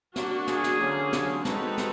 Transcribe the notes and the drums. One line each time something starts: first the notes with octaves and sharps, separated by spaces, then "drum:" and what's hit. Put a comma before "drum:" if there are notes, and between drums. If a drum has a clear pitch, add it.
A#3 D4 F#4, drum: snare
G#4, drum: snare
drum: snare
D3 F#3 A#3 C#4
drum: snare
G#3 C4 D#4 F#4 A4 B4, drum: snare
drum: snare